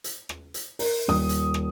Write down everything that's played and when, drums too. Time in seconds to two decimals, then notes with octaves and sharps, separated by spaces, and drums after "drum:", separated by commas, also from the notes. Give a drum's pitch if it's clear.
0.04 drum: hi-hat
0.29 drum: rim click
0.54 drum: hi-hat
0.79 A#4, drum: open hi-hat
1.08 D#1 D#6
1.29 drum: hi-hat
1.54 drum: rim click